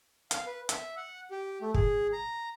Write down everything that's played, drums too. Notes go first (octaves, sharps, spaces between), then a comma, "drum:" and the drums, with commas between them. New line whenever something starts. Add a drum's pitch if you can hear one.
F5, drum: hi-hat
B4
E5, drum: hi-hat
F#5
G4
A3
G#4, drum: kick
A#5